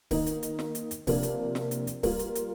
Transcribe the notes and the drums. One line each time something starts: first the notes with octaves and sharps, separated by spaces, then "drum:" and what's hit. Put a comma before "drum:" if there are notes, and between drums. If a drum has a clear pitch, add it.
D#3 A#3 D#4, drum: kick D1, open hi-hat
drum: hi-hat
drum: hi-hat
drum: snare
drum: hi-hat
drum: hi-hat
C3 F3 A#3 D4, drum: kick D1, open hi-hat
drum: hi-hat
drum: snare
drum: hi-hat
drum: hi-hat
G3 A#3 F4 A#4, drum: kick D1, open hi-hat
drum: hi-hat
drum: hi-hat